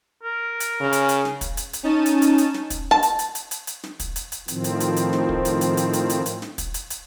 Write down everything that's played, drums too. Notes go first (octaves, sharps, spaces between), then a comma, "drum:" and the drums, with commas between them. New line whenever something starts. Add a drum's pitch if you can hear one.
A#4
drum: hi-hat
C#3
drum: hi-hat
drum: hi-hat
drum: snare
drum: kick, hi-hat
drum: hi-hat
drum: hi-hat
C#4 D#4 A5 D#7
drum: hi-hat
drum: hi-hat
drum: hi-hat
drum: snare
drum: kick, hi-hat
A5
drum: hi-hat
drum: hi-hat
drum: hi-hat
drum: hi-hat
drum: hi-hat
drum: snare
drum: kick, hi-hat
drum: hi-hat
drum: hi-hat
A2 D#3 F3 C4, drum: hi-hat
drum: hi-hat
drum: hi-hat
drum: hi-hat
drum: snare
drum: kick
drum: hi-hat
drum: hi-hat
drum: hi-hat
drum: hi-hat
drum: hi-hat
drum: hi-hat
drum: snare
drum: kick, hi-hat
drum: hi-hat
drum: hi-hat